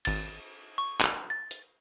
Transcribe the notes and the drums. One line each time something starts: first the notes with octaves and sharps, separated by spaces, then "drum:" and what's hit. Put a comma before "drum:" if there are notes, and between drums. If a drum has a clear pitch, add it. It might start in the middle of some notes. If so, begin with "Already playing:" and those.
G#1 A6, drum: cymbal
C#6
drum: clap
A6
drum: hi-hat